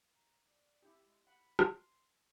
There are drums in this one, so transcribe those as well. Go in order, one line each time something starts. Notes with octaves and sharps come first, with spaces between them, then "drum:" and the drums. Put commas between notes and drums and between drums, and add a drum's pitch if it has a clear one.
A#5
D5
C4 E4 G4
G#3
F#5 B5
C6, drum: rim click